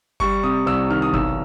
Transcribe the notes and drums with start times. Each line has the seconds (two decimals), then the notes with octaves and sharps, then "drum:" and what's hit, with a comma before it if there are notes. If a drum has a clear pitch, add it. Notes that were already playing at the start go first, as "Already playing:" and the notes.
0.20 G3 C#6, drum: kick G1
0.43 C3 D#6
0.66 C2 E6
0.90 D#3 F6
1.02 D#6
1.13 B1 E6, drum: kick G1